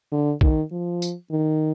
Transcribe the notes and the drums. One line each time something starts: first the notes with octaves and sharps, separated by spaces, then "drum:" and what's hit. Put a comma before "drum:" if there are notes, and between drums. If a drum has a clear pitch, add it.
D3
D#3, drum: kick
F3
drum: tambourine
D#3